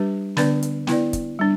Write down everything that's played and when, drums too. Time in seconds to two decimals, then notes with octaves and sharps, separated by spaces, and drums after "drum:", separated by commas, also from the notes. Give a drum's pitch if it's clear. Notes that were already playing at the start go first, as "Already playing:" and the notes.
Already playing: G3 D4 G4 B4
0.37 D3 B3 D4 B4 D5, drum: snare
0.63 drum: hi-hat
0.87 B3 E4 B4 D5, drum: snare
1.13 drum: kick, hi-hat
1.39 G3 D4